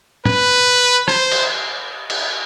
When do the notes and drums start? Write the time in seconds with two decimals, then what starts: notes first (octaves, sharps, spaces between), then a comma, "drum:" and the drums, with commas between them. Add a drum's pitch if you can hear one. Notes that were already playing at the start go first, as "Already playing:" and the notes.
0.25 B4, drum: tom
1.08 C5, drum: rim click
1.31 drum: cymbal
2.10 drum: cymbal